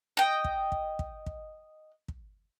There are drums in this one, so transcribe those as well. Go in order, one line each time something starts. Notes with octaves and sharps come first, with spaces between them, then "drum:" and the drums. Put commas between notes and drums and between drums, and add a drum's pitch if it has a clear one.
D#5 G5
drum: kick
drum: kick
drum: kick
drum: kick
drum: kick